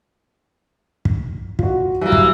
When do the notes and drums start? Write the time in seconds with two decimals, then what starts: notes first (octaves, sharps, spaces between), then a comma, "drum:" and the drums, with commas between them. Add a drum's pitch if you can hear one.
1.05 drum: kick
1.59 F4 F#4, drum: kick
2.01 E3 F#3 G3 A#3
2.12 drum: kick